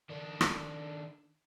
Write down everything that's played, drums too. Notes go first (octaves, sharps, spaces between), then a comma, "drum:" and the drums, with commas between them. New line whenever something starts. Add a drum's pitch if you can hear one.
D#3 D4
drum: rim click